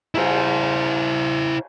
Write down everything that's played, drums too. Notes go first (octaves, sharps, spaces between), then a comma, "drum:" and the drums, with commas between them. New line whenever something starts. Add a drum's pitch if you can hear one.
E4 C5, drum: cymbal